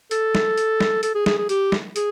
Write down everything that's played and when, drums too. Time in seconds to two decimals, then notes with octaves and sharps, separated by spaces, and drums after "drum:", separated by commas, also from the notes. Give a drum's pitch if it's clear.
0.11 A4, drum: hi-hat
0.35 drum: snare
0.58 drum: hi-hat
0.80 drum: snare
1.03 A4, drum: hi-hat
1.15 G#4
1.26 G#4, drum: snare
1.38 G#4
1.49 G4, drum: hi-hat
1.72 drum: snare
1.96 G#4, drum: hi-hat